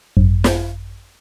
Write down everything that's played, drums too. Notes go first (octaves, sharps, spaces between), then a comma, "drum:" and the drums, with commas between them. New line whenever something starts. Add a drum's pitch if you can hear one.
G#1 F#2
drum: snare